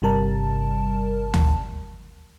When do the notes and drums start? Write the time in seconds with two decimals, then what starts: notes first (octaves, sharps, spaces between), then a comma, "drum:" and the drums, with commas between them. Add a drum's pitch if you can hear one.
0.02 G1 C3 G3 A#4 A5
1.34 drum: tom D2